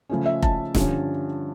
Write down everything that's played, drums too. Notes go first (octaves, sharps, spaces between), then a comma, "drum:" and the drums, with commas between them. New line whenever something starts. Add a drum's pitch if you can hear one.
C#3 F3 A3 C#4
E5
A5, drum: kick F1
G2 D3 F3 C#4, drum: snare